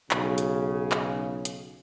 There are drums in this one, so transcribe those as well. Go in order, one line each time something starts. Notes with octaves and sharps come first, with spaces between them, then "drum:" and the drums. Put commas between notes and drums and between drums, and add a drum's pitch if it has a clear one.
B1 C#3, drum: clap
drum: hi-hat
drum: clap
drum: hi-hat